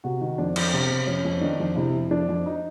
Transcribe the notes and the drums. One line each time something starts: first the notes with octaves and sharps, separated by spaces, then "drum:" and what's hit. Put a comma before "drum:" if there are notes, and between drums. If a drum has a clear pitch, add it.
C3 F#4
D#3
F2 D4
F2, drum: cymbal
C3 C4
C3
F2 C#4
F2
D#3 D4
F2
C3 E4
F2
F2 D4
F2
D#4